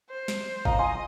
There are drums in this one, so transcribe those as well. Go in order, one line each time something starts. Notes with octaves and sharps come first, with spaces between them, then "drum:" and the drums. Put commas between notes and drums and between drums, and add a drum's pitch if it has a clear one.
C5
drum: snare
D#5 F5 A#5, drum: kick G1
G#5 C6